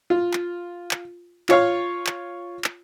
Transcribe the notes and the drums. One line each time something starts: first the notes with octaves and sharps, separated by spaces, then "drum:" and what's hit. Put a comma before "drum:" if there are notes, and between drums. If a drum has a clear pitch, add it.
F4
drum: clap
drum: clap
F4 C#5 F5, drum: clap
drum: clap
drum: clap